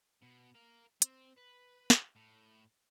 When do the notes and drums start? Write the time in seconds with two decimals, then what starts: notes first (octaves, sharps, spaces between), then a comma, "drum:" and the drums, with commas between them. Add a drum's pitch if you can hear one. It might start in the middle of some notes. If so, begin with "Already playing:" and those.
0.22 B2
0.55 A#4 F5
1.02 C4, drum: hi-hat
1.38 B4
1.90 drum: snare
2.16 A2